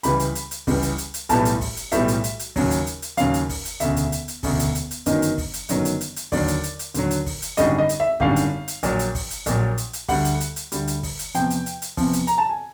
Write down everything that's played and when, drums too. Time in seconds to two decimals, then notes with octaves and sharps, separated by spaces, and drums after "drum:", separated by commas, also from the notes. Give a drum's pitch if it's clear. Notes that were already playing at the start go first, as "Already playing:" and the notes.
0.03 C#2 C#3 E3 G3 B5, drum: hi-hat
0.20 drum: hi-hat
0.35 drum: hi-hat
0.51 drum: hi-hat
0.67 C#2 C#3 E3 G3, drum: kick, open hi-hat
0.82 drum: hi-hat
0.98 drum: hi-hat
1.14 drum: hi-hat
1.29 B1 A2 E3 G3 A5, drum: hi-hat
1.45 drum: hi-hat
1.61 drum: kick, open hi-hat
1.77 drum: hi-hat
1.92 B1 A2 E3 G3 E5, drum: hi-hat
2.08 drum: hi-hat
2.24 drum: hi-hat
2.39 drum: hi-hat
2.56 D#2 C#3 F#3, drum: kick, open hi-hat
2.71 drum: hi-hat
2.87 drum: hi-hat
3.02 drum: hi-hat
3.17 D#2 C#3 F#3 F5, drum: hi-hat
3.34 drum: hi-hat
3.49 drum: kick, open hi-hat
3.65 drum: hi-hat
3.80 E1 D2 C#3 E5, drum: hi-hat
3.96 drum: hi-hat
4.12 drum: hi-hat
4.28 drum: hi-hat
4.43 E1 D2 C#3, drum: kick, open hi-hat
4.59 drum: hi-hat
4.75 drum: hi-hat
4.91 drum: hi-hat
5.06 G1 F#2 D#3 F#3 D#5, drum: hi-hat
5.22 drum: hi-hat
5.38 drum: kick, open hi-hat
5.54 drum: hi-hat
5.69 G1 F#2 D#3 F#3, drum: hi-hat
5.85 drum: hi-hat
6.01 drum: hi-hat
6.16 drum: hi-hat
6.32 D#2 D3 F#3 D5, drum: kick, open hi-hat
6.48 drum: hi-hat
6.63 drum: hi-hat
6.79 drum: hi-hat
6.94 D#2 D3 F#3, drum: hi-hat
7.11 drum: hi-hat
7.26 drum: kick, open hi-hat
7.42 drum: hi-hat
7.57 G#1 F#2 D3 G3 D#5, drum: hi-hat
7.78 D#5
7.89 drum: hi-hat
8.00 E5
8.20 G#1 F#2 D3 G3 F5, drum: kick
8.36 drum: hi-hat
8.68 drum: hi-hat
8.83 A#1 A#2 F#3, drum: hi-hat
8.99 drum: hi-hat
9.15 drum: kick, open hi-hat
9.30 drum: hi-hat
9.46 A#1 A#2 F#3, drum: hi-hat
9.78 drum: hi-hat
9.93 drum: hi-hat
10.08 D2 D3 G3 F#5, drum: kick, open hi-hat
10.25 drum: hi-hat
10.40 drum: hi-hat
10.56 drum: hi-hat
10.72 D2 D3 G3, drum: hi-hat
10.88 drum: hi-hat
11.03 drum: kick, open hi-hat
11.19 drum: hi-hat
11.34 E2 C3 F3 G5, drum: hi-hat
11.50 drum: hi-hat
11.66 drum: hi-hat
11.82 drum: hi-hat
11.97 E2 C3 F3, drum: kick, open hi-hat
12.13 drum: hi-hat
12.27 A#5, drum: hi-hat
12.38 A5
12.49 G#5